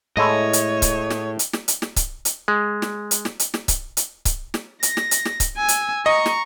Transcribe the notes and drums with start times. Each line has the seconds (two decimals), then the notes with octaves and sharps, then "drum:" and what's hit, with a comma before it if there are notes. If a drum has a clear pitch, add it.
0.17 A2 G#3 A3 E4 C#5 D#5
0.53 drum: hi-hat
0.82 drum: kick C#1, hi-hat
1.11 drum: snare
1.39 drum: hi-hat
1.53 drum: snare
1.68 drum: hi-hat
1.82 drum: snare
1.96 drum: kick C#1, hi-hat
2.25 drum: hi-hat
2.48 G#3
2.82 drum: snare
3.11 drum: hi-hat
3.25 drum: snare
3.40 drum: hi-hat
3.54 drum: snare
3.68 drum: kick C#1, hi-hat
3.97 drum: hi-hat
4.25 drum: kick C#1, hi-hat
4.54 drum: snare
4.83 A#6, drum: hi-hat
4.97 drum: snare
5.11 drum: hi-hat
5.26 drum: snare
5.40 drum: kick C#1, hi-hat
5.58 G#5 E6
5.68 drum: hi-hat
6.06 D#5 A#5 C#6
6.26 drum: snare